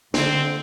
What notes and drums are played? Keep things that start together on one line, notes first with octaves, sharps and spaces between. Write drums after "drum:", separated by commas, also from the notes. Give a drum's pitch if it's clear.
D3 C4, drum: snare